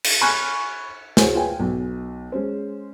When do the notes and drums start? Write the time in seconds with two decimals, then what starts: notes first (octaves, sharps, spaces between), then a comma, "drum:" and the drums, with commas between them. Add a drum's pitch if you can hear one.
0.04 drum: cymbal
0.21 G#5 B5 C#6 F6 F#6 G#6
1.17 F#4 G#4 C5 C#5 G#5, drum: snare
1.34 F4 B4 G5 G#5
1.60 B1
2.32 G#3 C#4 C5